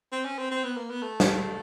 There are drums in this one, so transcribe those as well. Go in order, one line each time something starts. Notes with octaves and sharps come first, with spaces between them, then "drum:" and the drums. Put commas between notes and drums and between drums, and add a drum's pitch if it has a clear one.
C4
C#4
C4
C4
B3
A#3
B3
A3
drum: snare